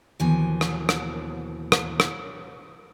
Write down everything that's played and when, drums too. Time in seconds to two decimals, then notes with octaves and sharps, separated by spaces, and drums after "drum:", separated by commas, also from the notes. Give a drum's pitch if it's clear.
0.20 D#2 B2 E3 F3 G#5
0.61 drum: rim click
0.89 drum: rim click
1.72 drum: rim click
2.00 drum: rim click